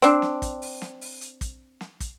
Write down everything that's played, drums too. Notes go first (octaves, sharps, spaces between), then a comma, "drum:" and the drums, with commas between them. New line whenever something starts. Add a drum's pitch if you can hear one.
C4 D4, drum: hi-hat
drum: snare
drum: kick, hi-hat
drum: open hi-hat
drum: snare
drum: open hi-hat
drum: hi-hat
drum: kick, hi-hat
drum: snare
drum: kick, hi-hat